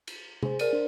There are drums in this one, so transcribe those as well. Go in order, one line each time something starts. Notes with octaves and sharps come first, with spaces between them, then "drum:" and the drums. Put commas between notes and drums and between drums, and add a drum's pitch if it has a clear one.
drum: cymbal
G#4 C5, drum: tom C3
A#4 D5 D#7, drum: cymbal
D4 C5